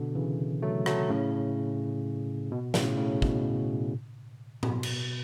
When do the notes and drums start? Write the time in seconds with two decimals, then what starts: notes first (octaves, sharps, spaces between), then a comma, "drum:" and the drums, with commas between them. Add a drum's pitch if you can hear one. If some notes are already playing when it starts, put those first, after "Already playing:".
Already playing: B2 D3
0.15 C#3 E3
0.62 F#3 A3
0.86 F#3 A3, drum: rim click
1.10 A2 C#3
2.52 B2
2.74 A2 C#3, drum: snare
2.98 A2 C#3
3.22 B2, drum: kick
4.63 B2, drum: tom A2
4.83 drum: cymbal